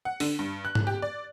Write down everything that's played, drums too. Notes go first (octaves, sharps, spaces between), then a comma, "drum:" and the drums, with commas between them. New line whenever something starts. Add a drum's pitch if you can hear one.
F#5
D3, drum: open hi-hat
G2
F#6
drum: tom G#2
G4
D5